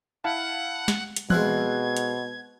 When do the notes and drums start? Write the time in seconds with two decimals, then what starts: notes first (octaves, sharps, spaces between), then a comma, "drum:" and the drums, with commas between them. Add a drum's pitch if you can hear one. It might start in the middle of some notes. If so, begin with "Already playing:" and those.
0.24 E4 F5 F#5 A5
0.88 drum: snare
1.16 drum: hi-hat
1.30 B2 G#3 C4 E4 F4 F#6 G#6, drum: tom E3
1.97 drum: hi-hat